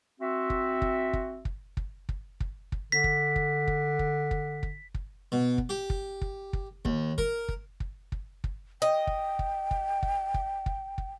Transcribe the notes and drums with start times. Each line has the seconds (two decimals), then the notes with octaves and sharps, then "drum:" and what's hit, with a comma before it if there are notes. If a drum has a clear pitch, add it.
0.20 C4 F#4 E5
0.50 drum: kick
0.82 drum: kick
1.13 drum: kick
1.45 drum: kick
1.77 drum: kick
2.09 drum: kick
2.40 drum: kick
2.72 drum: kick
2.92 D3 B6
3.04 drum: kick
3.36 drum: kick
3.67 drum: kick
3.99 drum: kick
4.31 drum: kick
4.63 drum: kick
4.94 drum: kick
5.32 B2
5.58 drum: kick
5.69 G4
5.90 drum: kick
6.22 drum: kick
6.53 drum: kick
6.85 D#2, drum: kick
7.18 A#4, drum: kick
7.49 drum: kick
7.80 drum: kick
8.12 drum: kick
8.44 drum: kick
8.82 D#5 G5
9.07 drum: kick
9.39 drum: kick
9.71 drum: kick
10.03 drum: kick
10.34 drum: kick
10.66 drum: kick
10.98 drum: kick